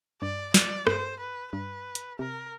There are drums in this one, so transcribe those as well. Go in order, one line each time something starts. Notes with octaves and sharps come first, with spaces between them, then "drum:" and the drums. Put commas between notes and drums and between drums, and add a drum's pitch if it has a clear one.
G2 D5
D5, drum: snare
G2 C5, drum: rim click
B4
G2 B4
drum: hi-hat
C3 A#4